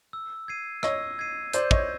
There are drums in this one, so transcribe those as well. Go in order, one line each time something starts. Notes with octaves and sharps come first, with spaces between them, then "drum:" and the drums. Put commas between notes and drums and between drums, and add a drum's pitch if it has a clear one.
E6
G#6 C7 D#7
C#5 D#5 E6, drum: rim click
G#6 C7 D#7
C5 D5 G6, drum: hi-hat
C#5 D#5, drum: kick